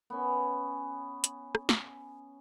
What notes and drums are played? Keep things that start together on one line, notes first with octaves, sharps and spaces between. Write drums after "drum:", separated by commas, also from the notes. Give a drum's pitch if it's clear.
B3 C#4
drum: hi-hat
drum: rim click
drum: snare